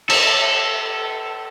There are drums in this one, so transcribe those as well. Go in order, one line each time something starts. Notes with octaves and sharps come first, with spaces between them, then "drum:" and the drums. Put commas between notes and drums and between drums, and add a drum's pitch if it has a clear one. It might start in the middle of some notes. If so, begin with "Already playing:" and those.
A4, drum: cymbal